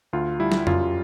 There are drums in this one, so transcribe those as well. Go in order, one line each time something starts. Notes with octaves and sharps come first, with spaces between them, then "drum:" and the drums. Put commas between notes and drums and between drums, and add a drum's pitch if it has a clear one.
D2 F4
G3 E4
drum: snare
F#2 F4, drum: tom F2